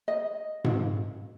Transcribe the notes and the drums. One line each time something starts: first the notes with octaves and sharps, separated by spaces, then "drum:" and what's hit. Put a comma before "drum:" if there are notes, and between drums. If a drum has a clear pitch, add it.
D#5
drum: tom G#2